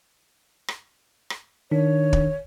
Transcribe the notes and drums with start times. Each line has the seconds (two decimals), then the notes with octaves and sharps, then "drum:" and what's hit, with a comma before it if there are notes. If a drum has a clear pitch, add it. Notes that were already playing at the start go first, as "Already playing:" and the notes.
0.68 drum: rim click
1.30 drum: rim click
1.71 D#3 D4 C#5
2.13 drum: kick